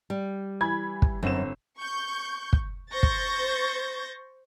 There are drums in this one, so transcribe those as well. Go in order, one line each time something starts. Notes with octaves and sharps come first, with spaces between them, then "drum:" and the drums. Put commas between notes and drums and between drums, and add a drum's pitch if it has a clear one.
G3
E3 B5 G#6
drum: kick
G1 F#2 C4 E7
C#6 G6
drum: kick
C5 C#6 G6 A6 A#6
drum: kick